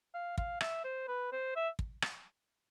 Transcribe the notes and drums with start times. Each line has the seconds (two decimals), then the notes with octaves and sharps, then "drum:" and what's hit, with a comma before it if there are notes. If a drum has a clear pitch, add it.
0.14 F5
0.38 F5, drum: kick
0.61 E5, drum: rim click
0.84 C5
1.08 B4
1.32 C5
1.56 E5
1.79 drum: kick
2.02 drum: rim click